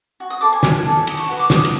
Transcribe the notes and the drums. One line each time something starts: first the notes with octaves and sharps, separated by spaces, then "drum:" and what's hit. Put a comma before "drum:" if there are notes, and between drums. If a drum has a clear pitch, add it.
F#4
D#6
A4 C5 D6
G#5
E4 G#5, drum: snare
A4 D5
D#4, drum: cymbal
C#6
F#4 B4
D6
F4 D#6, drum: snare
drum: cymbal